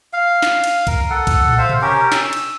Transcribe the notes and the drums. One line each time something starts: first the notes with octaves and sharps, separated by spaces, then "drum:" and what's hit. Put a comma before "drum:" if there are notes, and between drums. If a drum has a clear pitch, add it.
F5
drum: snare
drum: cymbal
A#4, drum: kick B1, cymbal
A4 F#5
drum: kick B1, cymbal
drum: tom
C5 E5 F5
drum: tom B2
C#4 G4 A#4
E6, drum: snare
drum: cymbal